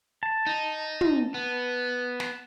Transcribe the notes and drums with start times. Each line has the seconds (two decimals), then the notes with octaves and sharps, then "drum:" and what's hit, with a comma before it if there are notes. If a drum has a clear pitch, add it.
0.23 A5
0.46 D#4
1.01 drum: tom
1.34 B3
2.20 drum: snare